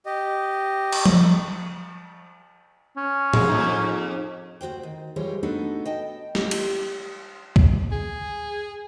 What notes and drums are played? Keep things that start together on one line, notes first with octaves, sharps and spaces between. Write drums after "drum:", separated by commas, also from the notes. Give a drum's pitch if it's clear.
G4 D#5
drum: cymbal
drum: tom F3
C#4
G#3, drum: tom
F2 D#4
D2 F#4 C5 G5
D#3
E3 G3 G#3 F4 C5 C#5
A3 B3 D4 D#4 F#4 A4
D#5 G5 A5
G4, drum: snare
drum: cymbal
drum: kick
G#4